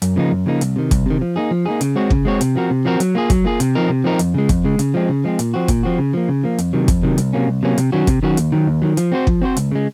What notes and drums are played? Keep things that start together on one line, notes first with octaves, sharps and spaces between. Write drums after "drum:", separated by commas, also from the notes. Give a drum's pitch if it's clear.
F#2, drum: hi-hat
C#3 F3 A#3 D#4
F#2
C#3 F3 A#3 D#4
C2, drum: hi-hat
C3 D#3
C2, drum: kick, hi-hat
C3 D#3
F3
A#3 D#4 G#4
F3
A#3 D#4 G#4
C#3, drum: hi-hat
G#3 C4 F#4 C#5
C#3, drum: kick
G#3 C4 F#4 C#5
C3, drum: hi-hat
F3 C4 F#4 A#4
C3
F3 C4 F#4 A#4
F#3, drum: hi-hat
A#3 F4 G#4
F#3, drum: kick, hi-hat
A#3 F4 G#4
C3, drum: hi-hat
F3 C4 D#4 A#4
C3
F3 C4 D#4 A#4
F2, drum: hi-hat
C#3 G#3
F2, drum: kick, hi-hat
C#3 G#3
C#3, drum: hi-hat
F3 G#3 C4
C#3
F3 G#3 C4
A#2, drum: hi-hat
F3 C4 F#4
A#2, drum: kick, hi-hat
F3 C4 F#4
C#3
F3 A#3
C#3
F3 A#3
F2, drum: hi-hat
C3 D#3 F#3
F2, drum: kick, hi-hat
C3 D#3 F#3
C2, drum: hi-hat
C3 F#3 A#3 C#4
C2
C3 F#3 A#3 C#4
C3, drum: hi-hat
D#3 F#3 C#4 F#4
C3, drum: kick, hi-hat
D#3 F#3 C#4 F#4
D#2, drum: hi-hat
D#3 F#3
D#2
D#3 F#3
F3, drum: hi-hat
C4 F#4 C5
F3, drum: kick
C4 F#4 C5
C#2, drum: hi-hat
C#3 G#3